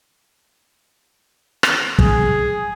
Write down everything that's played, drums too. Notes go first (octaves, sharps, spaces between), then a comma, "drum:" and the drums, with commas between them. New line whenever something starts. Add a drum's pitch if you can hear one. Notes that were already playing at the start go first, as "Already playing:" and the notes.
drum: rim click
G#4, drum: kick